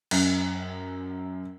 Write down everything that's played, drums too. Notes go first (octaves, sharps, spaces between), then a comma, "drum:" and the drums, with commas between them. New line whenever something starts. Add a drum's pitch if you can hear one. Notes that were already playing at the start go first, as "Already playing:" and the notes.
F#2, drum: cymbal